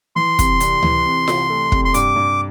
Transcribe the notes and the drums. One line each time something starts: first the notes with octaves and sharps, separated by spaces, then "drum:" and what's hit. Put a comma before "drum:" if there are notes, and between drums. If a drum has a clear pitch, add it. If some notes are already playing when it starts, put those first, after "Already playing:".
E3 C6
C3, drum: kick, hi-hat
C2, drum: hi-hat
E3, drum: tom C#2
C3
C3, drum: snare F4
A3
C3, drum: kick
C6
G2 D6, drum: hi-hat
G2